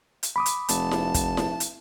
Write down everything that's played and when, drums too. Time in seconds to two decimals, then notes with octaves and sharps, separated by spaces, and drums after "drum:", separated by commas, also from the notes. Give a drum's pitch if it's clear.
0.23 drum: hi-hat
0.36 B5 D6 D#6
0.46 drum: hi-hat
0.69 F1 A5, drum: hi-hat
0.91 drum: snare E4
1.14 drum: kick, hi-hat
1.37 drum: snare E4
1.60 drum: hi-hat